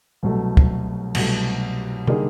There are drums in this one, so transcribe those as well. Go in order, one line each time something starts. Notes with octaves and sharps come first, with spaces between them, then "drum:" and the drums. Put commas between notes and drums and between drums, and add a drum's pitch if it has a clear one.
C2 B2 F#3 A3
drum: kick
C2 B2 F#3 A3, drum: cymbal
D3 G3 A#3 D#4 G#4, drum: tom